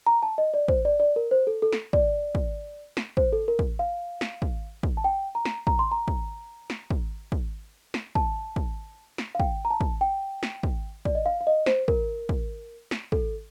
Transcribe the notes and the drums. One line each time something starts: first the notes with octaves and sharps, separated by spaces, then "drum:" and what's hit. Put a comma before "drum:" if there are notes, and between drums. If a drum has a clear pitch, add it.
A#5
A5
D#5
D5
C5, drum: kick
D5
D5
A#4
C5
A4
A4
drum: snare
D5, drum: kick
drum: kick
drum: snare
C5, drum: kick
A4
A#4
drum: kick
F5
drum: snare
drum: kick
drum: kick
A5
G5
A#5
drum: snare
A#5, drum: kick
C6
A#5
drum: kick
drum: snare
drum: kick
drum: kick
drum: snare
A5, drum: kick
drum: kick
drum: snare
F5
G5, drum: kick
A#5
A5
drum: kick
G5
drum: snare
drum: kick
D5, drum: kick
D#5
F5
F5
D#5
C5, drum: snare
A#4, drum: kick
drum: kick
drum: snare
A4, drum: kick